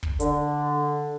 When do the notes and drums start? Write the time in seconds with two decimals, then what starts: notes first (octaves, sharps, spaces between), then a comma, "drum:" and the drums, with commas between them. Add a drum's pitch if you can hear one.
0.03 drum: kick
0.20 D3, drum: hi-hat